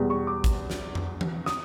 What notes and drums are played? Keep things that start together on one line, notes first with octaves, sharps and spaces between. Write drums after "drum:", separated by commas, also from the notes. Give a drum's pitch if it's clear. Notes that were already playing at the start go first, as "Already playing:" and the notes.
Already playing: E2 B2 G3 B3
C#6
D6
drum: kick G#1, hi-hat
drum: snare
drum: tom F2
drum: tom E3
D#6, drum: snare